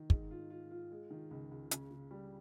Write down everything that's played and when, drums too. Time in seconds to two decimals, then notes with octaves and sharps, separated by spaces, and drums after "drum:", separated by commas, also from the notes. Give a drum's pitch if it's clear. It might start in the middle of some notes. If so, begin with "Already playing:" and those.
Already playing: D#3
0.10 G#2, drum: kick
0.31 F4
0.50 F4
0.71 F4
0.91 G#3
1.10 D#3
1.31 C#2
1.51 C#2
1.71 C#3, drum: hi-hat
1.91 C#3
2.11 G3